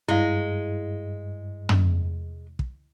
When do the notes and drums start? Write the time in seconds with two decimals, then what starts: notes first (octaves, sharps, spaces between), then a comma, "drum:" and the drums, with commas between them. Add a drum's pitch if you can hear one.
0.08 G2 G#3 E4 F5
1.69 drum: tom
2.59 drum: kick